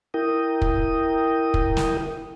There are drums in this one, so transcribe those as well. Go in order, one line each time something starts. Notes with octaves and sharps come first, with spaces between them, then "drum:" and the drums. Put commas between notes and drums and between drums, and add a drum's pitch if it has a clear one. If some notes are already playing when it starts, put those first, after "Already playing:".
E4 A#4 G5 D#6
drum: kick
drum: kick
drum: snare